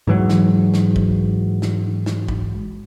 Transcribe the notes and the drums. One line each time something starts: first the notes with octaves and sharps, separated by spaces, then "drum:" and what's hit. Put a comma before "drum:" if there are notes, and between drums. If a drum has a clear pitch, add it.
G#2 E3 F#3
drum: snare
drum: snare
drum: kick
drum: snare
drum: snare
drum: kick